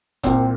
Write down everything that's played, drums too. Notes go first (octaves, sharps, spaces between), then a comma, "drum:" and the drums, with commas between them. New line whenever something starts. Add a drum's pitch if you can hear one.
C2 A#2 C4, drum: kick F#1, hi-hat